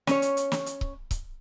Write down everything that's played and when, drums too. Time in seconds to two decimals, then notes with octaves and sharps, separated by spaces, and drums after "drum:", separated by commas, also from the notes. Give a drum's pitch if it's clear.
0.07 C#4 C#5, drum: snare
0.22 drum: hi-hat
0.37 drum: hi-hat
0.52 drum: snare
0.66 drum: hi-hat
0.81 drum: kick C#1
1.11 drum: kick C#1, hi-hat